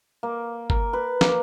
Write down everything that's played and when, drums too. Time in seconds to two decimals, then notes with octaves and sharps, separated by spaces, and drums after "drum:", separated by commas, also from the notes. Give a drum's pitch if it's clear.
0.23 A#3
0.70 A#4, drum: kick G1
0.93 B4
1.21 A#3, drum: snare